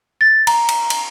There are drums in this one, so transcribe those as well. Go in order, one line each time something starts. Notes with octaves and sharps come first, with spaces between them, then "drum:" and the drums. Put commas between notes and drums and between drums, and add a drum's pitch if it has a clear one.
A6
A#5, drum: cymbal
drum: cymbal
drum: cymbal